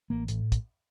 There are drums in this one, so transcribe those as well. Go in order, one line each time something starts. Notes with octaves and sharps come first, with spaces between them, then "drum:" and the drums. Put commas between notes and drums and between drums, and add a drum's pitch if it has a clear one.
A1 A#3
A2, drum: hi-hat
drum: kick, hi-hat